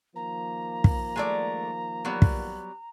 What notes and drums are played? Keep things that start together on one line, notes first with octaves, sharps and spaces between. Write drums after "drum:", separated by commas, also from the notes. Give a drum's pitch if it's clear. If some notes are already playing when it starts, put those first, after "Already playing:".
D#3 F3 A#3 A#5
drum: kick
G#3 A3 D5
F#3 G3 B3
drum: kick